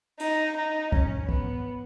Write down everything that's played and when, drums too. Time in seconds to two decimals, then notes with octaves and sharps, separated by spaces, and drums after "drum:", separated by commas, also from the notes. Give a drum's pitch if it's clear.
0.19 D#4, drum: cymbal
0.56 D#4
0.92 C#4, drum: kick
1.29 B3, drum: kick